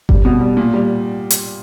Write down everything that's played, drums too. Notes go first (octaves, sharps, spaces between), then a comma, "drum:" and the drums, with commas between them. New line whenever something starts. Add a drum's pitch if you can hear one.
G3, drum: kick G1
B2
G3
A#2
G3
drum: hi-hat